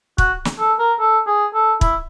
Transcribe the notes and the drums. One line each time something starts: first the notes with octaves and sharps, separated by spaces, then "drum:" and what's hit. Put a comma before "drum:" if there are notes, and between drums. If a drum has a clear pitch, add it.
F#4, drum: kick
drum: snare
A4
A#4
A4
G#4
A4
E4, drum: kick